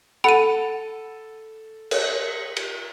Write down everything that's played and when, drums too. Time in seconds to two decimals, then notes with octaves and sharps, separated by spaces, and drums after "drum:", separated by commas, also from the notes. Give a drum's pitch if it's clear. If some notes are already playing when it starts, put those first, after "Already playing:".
0.24 A4 F#5 B5 D#7
1.91 drum: cymbal
2.57 drum: cymbal